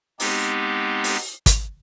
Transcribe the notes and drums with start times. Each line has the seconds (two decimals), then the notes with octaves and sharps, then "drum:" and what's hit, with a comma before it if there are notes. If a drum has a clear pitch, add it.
0.20 G#3 B3 C4 D#4 G4, drum: open hi-hat
1.04 drum: open hi-hat
1.46 drum: kick, hi-hat